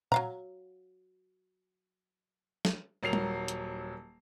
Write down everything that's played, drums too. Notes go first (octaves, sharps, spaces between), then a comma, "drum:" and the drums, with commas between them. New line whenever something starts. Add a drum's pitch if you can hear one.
F#3 F5 A#5, drum: tom A#2
drum: snare
D#1 F#3 A#4 C7 F7
drum: tom G3
drum: hi-hat